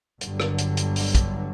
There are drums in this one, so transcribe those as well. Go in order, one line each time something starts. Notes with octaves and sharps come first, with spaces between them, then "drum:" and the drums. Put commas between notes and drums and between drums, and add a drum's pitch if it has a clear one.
G1 G2 D3 F#3, drum: hi-hat
drum: rim click
drum: hi-hat
drum: hi-hat
drum: open hi-hat
drum: kick, hi-hat